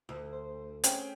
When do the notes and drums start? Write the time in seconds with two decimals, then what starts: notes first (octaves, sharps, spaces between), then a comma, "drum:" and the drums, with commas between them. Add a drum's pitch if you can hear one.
0.09 D2
0.32 C5
0.84 C4 C#4 G#4 G5, drum: hi-hat